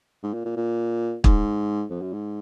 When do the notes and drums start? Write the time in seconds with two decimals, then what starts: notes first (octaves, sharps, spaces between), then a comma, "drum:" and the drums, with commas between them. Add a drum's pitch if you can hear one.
0.23 G#2
0.34 A#2
0.45 A#2
0.57 A#2
1.24 G#2, drum: kick
1.90 F2
2.02 F#2
2.13 G#2